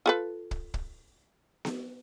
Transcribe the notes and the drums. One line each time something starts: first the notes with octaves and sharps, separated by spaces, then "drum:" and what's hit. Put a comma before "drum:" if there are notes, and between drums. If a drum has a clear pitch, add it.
F4 A4 B4
drum: kick
drum: kick
drum: snare B3